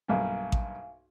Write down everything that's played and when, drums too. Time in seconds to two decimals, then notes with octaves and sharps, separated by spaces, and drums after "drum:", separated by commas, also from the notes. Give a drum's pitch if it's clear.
0.08 B1 G2 A#3 E5 F5 G#5
0.52 drum: kick A1